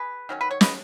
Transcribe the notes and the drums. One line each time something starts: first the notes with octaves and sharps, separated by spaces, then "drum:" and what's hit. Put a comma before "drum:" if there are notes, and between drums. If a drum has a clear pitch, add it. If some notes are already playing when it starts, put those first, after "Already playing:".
Already playing: G#4 B4
D#3 F#3 C#4
B4
C#5
B4 D#5, drum: snare